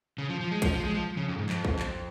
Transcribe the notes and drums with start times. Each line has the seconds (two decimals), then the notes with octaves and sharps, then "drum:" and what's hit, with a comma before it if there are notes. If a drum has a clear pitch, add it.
0.18 C#3
0.29 F3
0.40 F3
0.51 G#3
0.62 F3, drum: kick, hi-hat
0.73 F3
0.84 G#3
0.95 F3
1.17 C#3
1.29 F2
1.38 G#2
1.49 F2, drum: clap
1.65 drum: kick
1.79 drum: clap